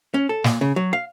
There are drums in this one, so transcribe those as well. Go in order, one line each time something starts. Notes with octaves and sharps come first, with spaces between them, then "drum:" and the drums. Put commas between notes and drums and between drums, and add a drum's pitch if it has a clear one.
C#4
A4
A#2, drum: snare
C#3
F#3
F5